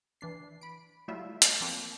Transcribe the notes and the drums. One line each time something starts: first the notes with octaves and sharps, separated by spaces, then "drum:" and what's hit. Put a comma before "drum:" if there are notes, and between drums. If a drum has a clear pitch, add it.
E3 D4 C7
B5 D7
F#3 G3 A3 E4 F4 E5
drum: hi-hat
F3 A#3 C4